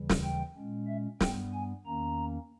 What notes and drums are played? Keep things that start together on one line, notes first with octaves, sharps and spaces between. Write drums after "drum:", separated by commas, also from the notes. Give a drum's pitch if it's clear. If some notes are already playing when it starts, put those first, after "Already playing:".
Already playing: D#2 C#3 E3 G3
drum: snare
G5
A#2 G#3 C#4
E5
G2 G3 B3 G5, drum: snare
G#5
E2 D#3 A#3 C#4 A#5